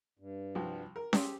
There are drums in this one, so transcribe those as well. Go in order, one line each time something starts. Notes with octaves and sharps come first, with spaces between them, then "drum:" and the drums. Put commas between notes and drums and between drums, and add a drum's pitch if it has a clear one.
G2
C2 F3 F#4
A#4
G4 C6 D#6 E6, drum: snare C#4